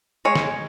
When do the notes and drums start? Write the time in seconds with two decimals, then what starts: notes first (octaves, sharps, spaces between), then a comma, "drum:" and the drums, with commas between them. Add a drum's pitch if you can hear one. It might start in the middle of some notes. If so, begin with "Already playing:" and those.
0.25 G#3 C#5
0.35 drum: snare